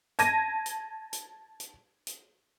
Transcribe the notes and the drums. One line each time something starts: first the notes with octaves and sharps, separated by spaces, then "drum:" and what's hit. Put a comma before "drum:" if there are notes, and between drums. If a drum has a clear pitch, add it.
A5 G#6 A#6 D#7, drum: hi-hat
drum: hi-hat
drum: hi-hat
drum: hi-hat
drum: hi-hat